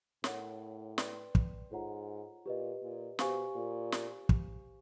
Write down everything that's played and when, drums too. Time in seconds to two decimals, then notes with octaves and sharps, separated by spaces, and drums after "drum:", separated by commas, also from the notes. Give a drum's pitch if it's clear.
0.24 A2 A#4 C#5 F#5, drum: snare
0.98 B4 D5 G5 C6, drum: snare
1.35 drum: kick
1.71 G#2 F4 A4 C#5 F#5 A#5
2.46 A#2 G4 B4 D#5
2.82 A#2
3.19 B2 G4 C5 F5 G#5 C#6, drum: snare
3.55 A#2
3.92 drum: snare
4.29 drum: kick